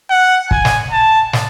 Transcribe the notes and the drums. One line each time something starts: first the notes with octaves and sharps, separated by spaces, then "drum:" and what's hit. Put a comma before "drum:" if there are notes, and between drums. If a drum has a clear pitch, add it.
F#5
G#5, drum: kick
drum: snare
A5
drum: snare